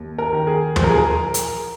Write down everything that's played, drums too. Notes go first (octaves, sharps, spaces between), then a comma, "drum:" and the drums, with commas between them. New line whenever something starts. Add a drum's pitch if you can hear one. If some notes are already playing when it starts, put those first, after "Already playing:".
Already playing: D#2
A#4
D#3
G#4
F3 C5, drum: tom
A#4
G#4
A#4
drum: hi-hat